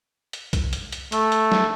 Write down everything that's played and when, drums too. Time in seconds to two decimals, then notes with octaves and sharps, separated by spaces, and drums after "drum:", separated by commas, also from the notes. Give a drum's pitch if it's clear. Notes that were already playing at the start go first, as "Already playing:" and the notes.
0.33 drum: hi-hat
0.53 drum: kick C2, hi-hat
0.73 drum: hi-hat
0.92 drum: hi-hat
1.12 A3, drum: hi-hat
1.32 drum: hi-hat
1.52 drum: snare